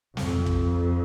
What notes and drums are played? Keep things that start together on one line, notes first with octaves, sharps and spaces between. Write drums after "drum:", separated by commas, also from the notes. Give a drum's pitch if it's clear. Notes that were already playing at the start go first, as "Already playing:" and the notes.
F2, drum: snare
drum: kick